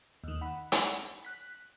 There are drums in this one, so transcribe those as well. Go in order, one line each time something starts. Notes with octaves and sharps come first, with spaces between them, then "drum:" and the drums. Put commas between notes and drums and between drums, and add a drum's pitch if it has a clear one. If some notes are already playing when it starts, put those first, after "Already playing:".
D#2 D#3
F#5 B5
drum: hi-hat
F#6 B6